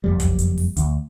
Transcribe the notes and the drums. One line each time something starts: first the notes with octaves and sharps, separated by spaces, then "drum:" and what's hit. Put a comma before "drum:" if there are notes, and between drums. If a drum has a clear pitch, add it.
F#1 F2 G3
drum: kick, hi-hat
drum: hi-hat
drum: open hi-hat
D2, drum: hi-hat